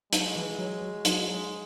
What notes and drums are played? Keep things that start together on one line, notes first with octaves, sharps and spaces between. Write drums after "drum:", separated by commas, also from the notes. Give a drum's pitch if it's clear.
F#3 G#3, drum: hi-hat
E3
F#3
F#3
F#3, drum: hi-hat
F#3